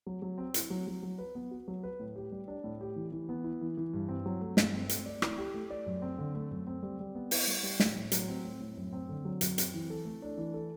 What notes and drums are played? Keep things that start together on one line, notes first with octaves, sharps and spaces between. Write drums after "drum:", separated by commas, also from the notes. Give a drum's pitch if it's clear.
F#3
F#3
C4
E4, drum: hi-hat
F#3
F#3
F#3
B4
B3
F#4
F#3
B4
A2
G4
G3
D4
A2
G4
E3
E3
B3
E4
E3
E3
G2
C4
F#3
A3
G2, drum: snare
C4
A3, drum: hi-hat
D5
E4, drum: rim click
G4
A3
D5
F#2
C4
D3
A3
F#2
C4
G3
G3
B3
E4, drum: open hi-hat
G3
G3
A2, drum: snare
A2
F#3, drum: hi-hat
C4
A2
A2
F#2
C4
D3
F#3
F#2, drum: hi-hat
C4, drum: hi-hat
E3
A4
A3
D4
E3
A4